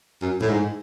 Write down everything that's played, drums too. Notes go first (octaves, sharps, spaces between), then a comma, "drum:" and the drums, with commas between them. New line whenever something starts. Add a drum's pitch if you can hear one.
F#2
A2, drum: tom A2
G#2